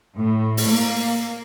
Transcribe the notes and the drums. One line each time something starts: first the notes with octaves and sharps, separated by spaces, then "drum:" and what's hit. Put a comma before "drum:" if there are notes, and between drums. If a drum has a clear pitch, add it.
A2
drum: open hi-hat
A#3